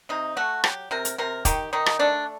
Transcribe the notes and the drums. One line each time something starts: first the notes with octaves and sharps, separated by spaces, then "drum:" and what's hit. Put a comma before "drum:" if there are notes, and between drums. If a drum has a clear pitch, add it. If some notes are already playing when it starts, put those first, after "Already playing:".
C3 D#4
A3 F#4
F#3 G4, drum: rim click
C3 A#4
drum: hi-hat
C3 A#4
D#3 G4, drum: kick E1, hi-hat
D#3 D#4
drum: rim click
A3 D4